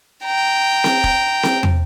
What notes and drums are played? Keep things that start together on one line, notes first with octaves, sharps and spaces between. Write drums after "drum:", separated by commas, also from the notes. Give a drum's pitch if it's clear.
G5 A#5
drum: snare C4
drum: kick
drum: snare C4
drum: tom